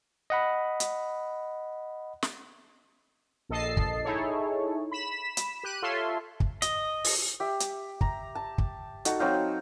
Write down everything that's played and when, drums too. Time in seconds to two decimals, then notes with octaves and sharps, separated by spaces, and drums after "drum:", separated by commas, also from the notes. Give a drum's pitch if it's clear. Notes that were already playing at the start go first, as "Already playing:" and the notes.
0.30 D#5 F#5 B5
0.80 drum: hi-hat
2.23 drum: snare
3.49 A#1 A4 D#5 A5 C7
3.77 drum: kick
4.05 D#4 E4 G#4 A4 C#5
4.92 B5 B6 E7
5.37 drum: hi-hat
5.63 G4 F#6 D#7
5.82 F4 A4 C#5 E5 C6
6.40 drum: kick
6.62 D#5, drum: hi-hat
7.05 drum: open hi-hat
7.40 G4 E5
7.60 drum: hi-hat
8.01 A#5, drum: kick
8.35 A5
8.58 drum: kick
9.05 D#4 F#4 A4, drum: hi-hat
9.19 F#3 C4 D#4 F5